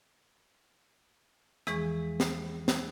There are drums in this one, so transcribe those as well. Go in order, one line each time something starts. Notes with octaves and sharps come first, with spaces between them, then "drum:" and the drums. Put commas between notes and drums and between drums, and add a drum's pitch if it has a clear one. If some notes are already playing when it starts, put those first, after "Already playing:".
E2 E3 F3 G#3 G#4 C#6, drum: rim click
drum: snare
drum: snare